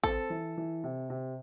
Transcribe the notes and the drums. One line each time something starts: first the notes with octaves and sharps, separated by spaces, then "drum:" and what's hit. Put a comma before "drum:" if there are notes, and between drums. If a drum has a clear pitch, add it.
C4 A4, drum: kick
E3
E3
C3
C3